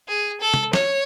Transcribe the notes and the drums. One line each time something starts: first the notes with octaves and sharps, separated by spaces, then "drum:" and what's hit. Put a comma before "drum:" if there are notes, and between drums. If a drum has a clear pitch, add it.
G#4
A4
drum: tom
C#5, drum: snare